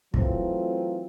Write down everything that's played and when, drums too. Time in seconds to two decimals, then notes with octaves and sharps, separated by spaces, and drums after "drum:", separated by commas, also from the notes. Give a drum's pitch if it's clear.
0.14 E3 F#3 A3 C4 F4, drum: kick